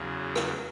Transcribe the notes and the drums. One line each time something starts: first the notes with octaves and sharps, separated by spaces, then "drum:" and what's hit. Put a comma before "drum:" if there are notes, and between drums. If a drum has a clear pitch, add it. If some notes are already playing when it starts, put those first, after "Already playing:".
Already playing: E2 C#3 F#3
drum: rim click